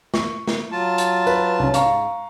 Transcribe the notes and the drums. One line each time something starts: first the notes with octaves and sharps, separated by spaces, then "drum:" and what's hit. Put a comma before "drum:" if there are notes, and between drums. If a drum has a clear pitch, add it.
C#6, drum: snare
drum: snare
F#3 F4 A5
drum: hi-hat
B4, drum: tambourine
C2 C#4
G#2 F5 A#5 C#6, drum: hi-hat